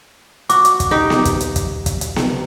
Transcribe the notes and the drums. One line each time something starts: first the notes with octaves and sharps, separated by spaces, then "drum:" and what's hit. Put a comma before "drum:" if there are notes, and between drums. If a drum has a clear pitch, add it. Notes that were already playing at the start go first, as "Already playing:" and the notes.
F#4 D6, drum: hi-hat
drum: hi-hat
drum: kick, hi-hat
D#4 G4
drum: snare B3
drum: kick, hi-hat
drum: hi-hat
drum: kick, hi-hat
drum: kick, hi-hat
drum: hi-hat
drum: snare B3